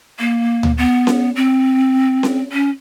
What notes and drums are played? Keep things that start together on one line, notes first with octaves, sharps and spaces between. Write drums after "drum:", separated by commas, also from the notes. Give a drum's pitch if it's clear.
A#3
drum: tom D2
B3
drum: snare C#4
C4
drum: snare C#4
C#4